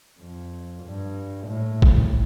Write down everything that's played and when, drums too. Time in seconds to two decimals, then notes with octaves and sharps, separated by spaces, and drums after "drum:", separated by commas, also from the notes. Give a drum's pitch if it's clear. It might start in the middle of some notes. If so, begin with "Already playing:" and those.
0.20 F2
0.83 G2
1.47 A2
1.82 drum: kick